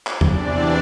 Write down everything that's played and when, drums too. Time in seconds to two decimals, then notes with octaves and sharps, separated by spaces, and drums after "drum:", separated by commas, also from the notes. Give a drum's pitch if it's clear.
0.07 drum: clap
0.21 E2 C3 E3 D4 D5, drum: tom E2